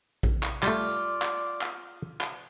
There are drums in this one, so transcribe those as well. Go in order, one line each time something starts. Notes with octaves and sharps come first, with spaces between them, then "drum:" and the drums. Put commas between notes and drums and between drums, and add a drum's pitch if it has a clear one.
drum: kick A#1
drum: clap
G3 A3 F4 D5, drum: clap
drum: tambourine
drum: clap
drum: clap
drum: clap